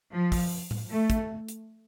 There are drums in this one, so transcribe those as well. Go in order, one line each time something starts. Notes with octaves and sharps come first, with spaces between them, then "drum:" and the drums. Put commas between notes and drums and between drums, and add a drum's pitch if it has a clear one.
F3
drum: kick, open hi-hat
drum: tom A2
A3
drum: kick, hi-hat
drum: hi-hat